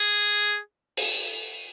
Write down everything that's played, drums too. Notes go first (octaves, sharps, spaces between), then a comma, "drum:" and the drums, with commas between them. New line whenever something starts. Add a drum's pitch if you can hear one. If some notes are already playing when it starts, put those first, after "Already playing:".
Already playing: G#4
drum: open hi-hat